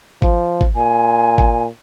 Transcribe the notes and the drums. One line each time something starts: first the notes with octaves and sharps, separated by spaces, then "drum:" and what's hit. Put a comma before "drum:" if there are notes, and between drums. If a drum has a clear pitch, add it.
F3, drum: kick G#1
drum: kick G#1
A#2 G#5
drum: kick G#1